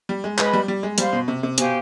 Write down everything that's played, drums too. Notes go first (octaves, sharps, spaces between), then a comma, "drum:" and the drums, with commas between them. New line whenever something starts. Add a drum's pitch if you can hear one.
G3
G#3
G#3 B4 D#5 B5, drum: clap
G3
G3
G#3
G3 C5 F5 C6, drum: hi-hat
B2
C3
C3
B2 G4 C5 F5 G#5, drum: hi-hat